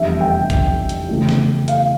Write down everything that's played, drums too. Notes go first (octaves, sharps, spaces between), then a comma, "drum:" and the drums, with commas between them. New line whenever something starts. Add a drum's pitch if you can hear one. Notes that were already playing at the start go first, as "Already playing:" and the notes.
Already playing: F1 E2 D3 G3 D4 E5
G5
drum: kick, hi-hat
drum: hi-hat
C#3 E3 A3 E4
drum: snare
F5, drum: hi-hat